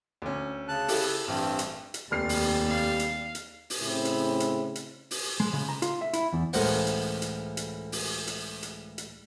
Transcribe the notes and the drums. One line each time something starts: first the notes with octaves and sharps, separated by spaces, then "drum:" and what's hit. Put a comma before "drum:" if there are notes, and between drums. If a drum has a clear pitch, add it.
D2 C#4
C#3 A5 F#6
E4 G4 A4, drum: open hi-hat
A1 G2 C4
drum: hi-hat
drum: hi-hat
F1 D#2 G3 F6 A6 C7
drum: open hi-hat
F5
drum: hi-hat
drum: hi-hat
drum: open hi-hat
A2 C#3 C4 E4
drum: hi-hat
drum: hi-hat
drum: hi-hat
drum: open hi-hat
G#3
C#3
A#5
F4, drum: hi-hat
E5
E4, drum: hi-hat
E2
C#2 A2 E3 A#4 C5 F#5, drum: open hi-hat
drum: hi-hat
drum: hi-hat
drum: hi-hat
drum: open hi-hat
drum: hi-hat
drum: hi-hat
drum: hi-hat